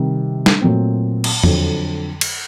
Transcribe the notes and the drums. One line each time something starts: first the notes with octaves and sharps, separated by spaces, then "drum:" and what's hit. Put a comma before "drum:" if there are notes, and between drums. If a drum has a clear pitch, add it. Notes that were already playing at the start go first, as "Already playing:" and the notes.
Already playing: C3 D#3 G3 C4
drum: snare
A#2 F#3 A3 C4
drum: cymbal
F2 D3 F#3, drum: tom E2
drum: cymbal